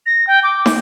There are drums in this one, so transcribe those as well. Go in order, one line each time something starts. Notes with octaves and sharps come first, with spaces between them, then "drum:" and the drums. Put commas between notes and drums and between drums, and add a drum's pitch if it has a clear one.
A#6
G5
D6
drum: snare